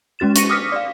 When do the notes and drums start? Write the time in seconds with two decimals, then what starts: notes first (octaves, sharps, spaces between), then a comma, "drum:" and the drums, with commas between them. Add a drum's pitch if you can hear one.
0.19 G#3 C#4 F#4 A6 E7
0.36 C#6 A#6 C#7 D#7, drum: hi-hat
0.50 D6 D#6 F6 A#6 B6 C#7
0.72 D5 F5